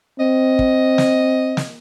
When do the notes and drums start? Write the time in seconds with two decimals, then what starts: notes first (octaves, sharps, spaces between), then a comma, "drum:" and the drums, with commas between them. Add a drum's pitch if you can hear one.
0.20 C4 D#5
0.59 drum: kick
0.98 drum: snare
1.57 drum: snare